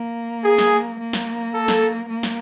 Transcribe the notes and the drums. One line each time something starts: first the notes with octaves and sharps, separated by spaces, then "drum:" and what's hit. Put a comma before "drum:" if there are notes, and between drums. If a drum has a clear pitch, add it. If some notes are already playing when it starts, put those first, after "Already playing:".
Already playing: A#3
G#4
drum: snare
A#3
drum: snare
A4
drum: snare
A#3
drum: snare